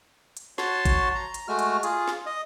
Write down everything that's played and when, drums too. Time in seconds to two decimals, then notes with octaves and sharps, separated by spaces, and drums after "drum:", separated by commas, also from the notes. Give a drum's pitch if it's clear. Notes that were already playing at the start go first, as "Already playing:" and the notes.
0.37 drum: hi-hat
0.58 F#4 C#5 A5 C6, drum: snare
0.85 drum: kick A1, hi-hat
1.15 A#5
1.34 drum: hi-hat
1.48 G#3 A3 F#4 F6
1.59 drum: hi-hat
1.83 F4 G#4, drum: hi-hat
2.08 drum: snare
2.26 D#5